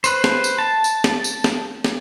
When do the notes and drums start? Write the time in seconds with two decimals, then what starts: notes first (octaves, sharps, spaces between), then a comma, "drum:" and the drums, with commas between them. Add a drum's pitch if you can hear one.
0.04 B4 C5, drum: tambourine
0.24 drum: snare
0.44 drum: tambourine
0.59 A5
0.84 drum: tambourine
1.04 drum: snare
1.24 drum: tambourine
1.44 drum: snare
1.84 drum: snare